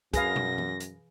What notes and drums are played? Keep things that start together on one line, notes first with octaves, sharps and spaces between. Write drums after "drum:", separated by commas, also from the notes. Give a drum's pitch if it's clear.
F#2 G#4 B4 F5 A#6, drum: kick, hi-hat
drum: tom
drum: tom E3
drum: hi-hat